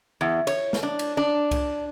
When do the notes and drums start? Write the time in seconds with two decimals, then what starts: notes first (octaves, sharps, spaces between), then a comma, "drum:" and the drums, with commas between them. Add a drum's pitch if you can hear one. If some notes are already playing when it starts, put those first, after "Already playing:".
0.21 E2
0.47 C#5, drum: cymbal
0.73 drum: snare
0.83 D4
0.99 drum: cymbal
1.17 D4
1.51 drum: kick C2, cymbal